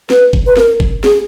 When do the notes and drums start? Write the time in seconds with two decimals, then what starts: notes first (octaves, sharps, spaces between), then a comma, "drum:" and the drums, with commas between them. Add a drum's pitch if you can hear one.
0.10 B4, drum: snare
0.33 drum: kick G1
0.46 B4
0.57 A#4, drum: snare
0.80 drum: kick G1
1.04 G#4, drum: snare